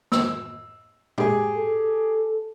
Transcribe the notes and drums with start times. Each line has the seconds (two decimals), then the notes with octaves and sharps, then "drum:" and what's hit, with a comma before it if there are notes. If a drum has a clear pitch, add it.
0.12 E6, drum: snare
1.18 G4 G#4, drum: tom A#2
1.56 A4